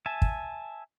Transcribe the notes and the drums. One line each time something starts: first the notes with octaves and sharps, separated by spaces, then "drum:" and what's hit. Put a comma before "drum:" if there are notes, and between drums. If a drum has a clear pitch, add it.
E5 G#5 A5
drum: kick